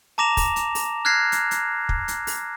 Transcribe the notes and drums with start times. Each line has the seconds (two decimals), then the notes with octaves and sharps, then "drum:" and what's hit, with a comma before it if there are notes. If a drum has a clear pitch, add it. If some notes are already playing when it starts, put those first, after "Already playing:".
0.18 A5 A#5 D6 A#6 E7 F7
0.37 drum: kick, open hi-hat
0.56 drum: hi-hat
0.75 drum: open hi-hat
1.05 F6 F#6 G#6 A#6 C7
1.32 drum: hi-hat
1.51 drum: hi-hat
1.89 drum: kick
2.08 drum: hi-hat
2.27 drum: open hi-hat